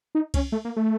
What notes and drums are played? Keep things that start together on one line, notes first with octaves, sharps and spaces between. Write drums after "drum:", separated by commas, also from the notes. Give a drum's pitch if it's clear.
D#4
C#4, drum: kick C2, cymbal
A3
A#3
A3